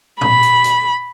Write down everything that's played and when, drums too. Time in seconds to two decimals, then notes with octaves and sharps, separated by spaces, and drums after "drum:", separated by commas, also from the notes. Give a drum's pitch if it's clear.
0.21 B5, drum: tom A2
0.43 drum: hi-hat
0.64 drum: hi-hat